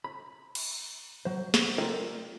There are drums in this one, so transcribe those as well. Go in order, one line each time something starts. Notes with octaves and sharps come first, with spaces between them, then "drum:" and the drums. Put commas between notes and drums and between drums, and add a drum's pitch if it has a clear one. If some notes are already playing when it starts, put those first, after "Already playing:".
B5
drum: cymbal
F#3 C5
drum: snare
F4 A4 A#4 D5 G5